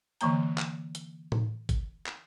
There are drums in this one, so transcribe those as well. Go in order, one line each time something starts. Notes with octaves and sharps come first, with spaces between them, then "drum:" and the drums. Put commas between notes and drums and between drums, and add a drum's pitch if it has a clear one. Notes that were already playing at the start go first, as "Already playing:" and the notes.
D3 E3 F#3 A#3 A#5, drum: hi-hat
drum: clap
drum: hi-hat
drum: tom A2
drum: kick, hi-hat
drum: clap